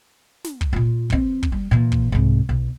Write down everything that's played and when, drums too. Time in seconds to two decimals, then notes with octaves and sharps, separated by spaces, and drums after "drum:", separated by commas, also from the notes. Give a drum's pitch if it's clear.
0.44 drum: snare
0.61 drum: kick
0.73 A#2 F4
1.10 E3 C4, drum: kick
1.43 drum: kick
1.52 G3
1.71 A#2 E3
1.92 drum: kick
2.12 C2 G#2
2.49 B1